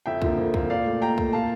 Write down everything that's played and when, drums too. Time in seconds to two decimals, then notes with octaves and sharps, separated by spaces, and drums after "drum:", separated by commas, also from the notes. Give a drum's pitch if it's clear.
0.06 F2 E5 G5
0.22 D3 F3 A#3, drum: kick
0.37 F2
0.54 D3 F3 A#3, drum: kick
0.70 A#2 D5 F5
0.85 A3
1.01 A#2 G5 A#5
1.18 A3, drum: kick
1.33 A#2 F5 A5